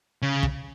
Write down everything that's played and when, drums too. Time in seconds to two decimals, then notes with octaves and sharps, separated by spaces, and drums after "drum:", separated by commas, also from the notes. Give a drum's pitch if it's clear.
0.22 C#3
0.43 drum: kick